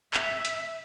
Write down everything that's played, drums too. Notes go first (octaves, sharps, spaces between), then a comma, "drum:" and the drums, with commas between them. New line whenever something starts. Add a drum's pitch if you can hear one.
E5, drum: clap
drum: hi-hat